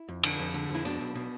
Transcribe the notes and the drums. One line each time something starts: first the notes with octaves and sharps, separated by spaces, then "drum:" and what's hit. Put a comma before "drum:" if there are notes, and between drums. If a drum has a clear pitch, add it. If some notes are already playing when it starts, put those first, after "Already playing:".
Already playing: E4
F2
D3, drum: cymbal
F2
D3
F2
E4
B2 D4
B1
B2